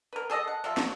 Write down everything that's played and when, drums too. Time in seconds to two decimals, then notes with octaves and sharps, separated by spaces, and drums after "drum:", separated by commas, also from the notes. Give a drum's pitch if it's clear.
0.13 A#4 B4
0.30 G#4 A4 D5 D#5
0.47 F#5
0.64 C3 F3 F4 A4
0.77 F#3, drum: snare